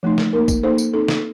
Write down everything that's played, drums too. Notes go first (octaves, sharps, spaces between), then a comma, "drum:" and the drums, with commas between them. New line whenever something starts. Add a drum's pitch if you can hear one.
F3 A3 D#4
drum: snare
A#3 D#4 A#4
drum: kick, tambourine
A#3 D#4 A4 C5
drum: tambourine
C4 D#4 A4
drum: snare